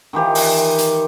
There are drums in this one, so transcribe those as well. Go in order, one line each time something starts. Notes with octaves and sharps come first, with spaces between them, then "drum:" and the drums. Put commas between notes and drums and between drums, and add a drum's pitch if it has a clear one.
D#3 E3 G4 C5
drum: open hi-hat
drum: hi-hat